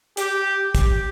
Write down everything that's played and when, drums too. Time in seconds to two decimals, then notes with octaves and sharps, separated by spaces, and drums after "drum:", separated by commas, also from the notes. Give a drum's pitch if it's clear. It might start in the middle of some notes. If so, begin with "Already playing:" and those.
0.17 G4, drum: hi-hat
0.75 G4, drum: kick, hi-hat